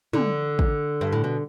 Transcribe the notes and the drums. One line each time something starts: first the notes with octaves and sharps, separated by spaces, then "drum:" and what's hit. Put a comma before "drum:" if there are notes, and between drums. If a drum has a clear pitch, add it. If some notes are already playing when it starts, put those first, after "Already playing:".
D3, drum: tom
drum: kick
G2
A2
B2